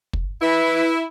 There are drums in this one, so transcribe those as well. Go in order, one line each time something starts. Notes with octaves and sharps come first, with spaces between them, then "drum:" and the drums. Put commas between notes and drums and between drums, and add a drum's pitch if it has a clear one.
drum: kick
E4 B4